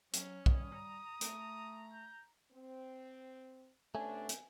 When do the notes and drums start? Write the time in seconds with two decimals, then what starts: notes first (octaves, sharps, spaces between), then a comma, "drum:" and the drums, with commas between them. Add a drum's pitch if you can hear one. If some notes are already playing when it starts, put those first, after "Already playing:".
0.13 F#3 C#4, drum: hi-hat
0.46 G3 D#6, drum: kick
0.75 A#5
1.21 A3, drum: hi-hat
1.93 G6
2.52 C4
3.95 C3 A3 B3 C#4 D4 G#5
4.29 drum: hi-hat